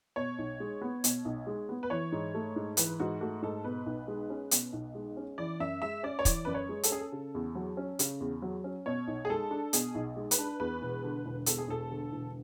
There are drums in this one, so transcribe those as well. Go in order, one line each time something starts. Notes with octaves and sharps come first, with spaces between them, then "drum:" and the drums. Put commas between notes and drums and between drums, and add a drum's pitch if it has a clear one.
B2 C#5
B1
G#3
B3
B2, drum: hi-hat
B1
G#3
B3
B4
E3 C#5
G#2
A3
G#2
E3 B4, drum: hi-hat
G#2 F#4
A3 F#4
G#2 A4
B2 B4
B1
G#3
C#4
B2, drum: hi-hat
B1
G#3
C#4
E3 D5
F#2 E5
G#3 E5
C#4 D5
C#5
E3 D5, drum: kick, hi-hat
F#2 B4
C#5
G#3
A4, drum: hi-hat
C#4 G#4
A4
C#3
E2
F#3
C#4
C#3, drum: hi-hat
E2
F#3
C#4
B2 C#5
B1
G#4
G#3 A4
D4
B2 G#4, drum: hi-hat
B1
G#3
B4, drum: hi-hat
D4
E2 B4
E1
D3
E1
E2 A4, drum: hi-hat
G#4
E1 A4
D3
E1